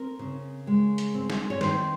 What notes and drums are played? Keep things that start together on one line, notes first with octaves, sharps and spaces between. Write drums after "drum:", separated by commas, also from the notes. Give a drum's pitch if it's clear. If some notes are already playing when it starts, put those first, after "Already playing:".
Already playing: C4 A#4
C#3
G#3
drum: hi-hat
C4
drum: snare
C#5
D#3 C5, drum: snare